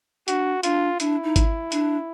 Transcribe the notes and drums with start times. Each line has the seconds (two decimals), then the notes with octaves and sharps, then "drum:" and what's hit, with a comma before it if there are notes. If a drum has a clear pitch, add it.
0.28 D4 F#4, drum: hi-hat
0.63 D4 F4, drum: hi-hat
1.00 D4 E4, drum: hi-hat
1.24 D#4
1.36 drum: kick G#1, hi-hat
1.72 D4, drum: hi-hat